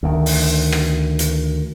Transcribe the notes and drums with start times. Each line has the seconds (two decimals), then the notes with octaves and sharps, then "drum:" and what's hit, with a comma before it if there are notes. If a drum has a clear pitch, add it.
0.03 D2 D#3
0.26 drum: open hi-hat
0.72 drum: rim click
1.19 drum: hi-hat